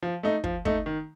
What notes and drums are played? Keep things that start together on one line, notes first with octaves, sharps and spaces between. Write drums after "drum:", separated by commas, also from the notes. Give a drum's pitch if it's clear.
F3
A3 D#4
F3, drum: kick
A3 D#4, drum: kick
D#3